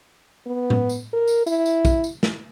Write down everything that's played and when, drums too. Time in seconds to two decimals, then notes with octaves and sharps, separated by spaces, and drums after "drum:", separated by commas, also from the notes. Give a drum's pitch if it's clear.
0.47 B3
0.70 drum: tom A2
0.89 drum: tambourine
1.13 A#4
1.27 drum: tambourine
1.47 E4, drum: tambourine
1.66 drum: tambourine
1.85 drum: kick A#1, tambourine
2.04 drum: tambourine
2.23 drum: snare